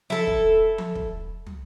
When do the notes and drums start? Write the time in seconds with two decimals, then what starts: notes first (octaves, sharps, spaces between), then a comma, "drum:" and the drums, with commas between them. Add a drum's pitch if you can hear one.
0.10 E4 A4, drum: tom F3
0.27 drum: kick
0.78 drum: tom F3
0.95 drum: kick
1.47 drum: tom